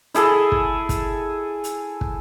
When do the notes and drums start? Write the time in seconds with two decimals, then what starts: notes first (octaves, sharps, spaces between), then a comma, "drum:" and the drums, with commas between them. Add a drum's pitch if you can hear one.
0.14 E4 G#4 A4, drum: hi-hat
0.52 drum: kick
0.89 drum: kick, hi-hat
1.64 drum: hi-hat
2.01 drum: kick